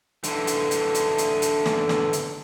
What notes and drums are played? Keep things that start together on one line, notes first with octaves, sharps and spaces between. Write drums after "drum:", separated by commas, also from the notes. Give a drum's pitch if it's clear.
D3 E3, drum: hi-hat
drum: hi-hat
drum: hi-hat
drum: hi-hat
drum: hi-hat
drum: hi-hat
drum: snare
drum: snare
drum: hi-hat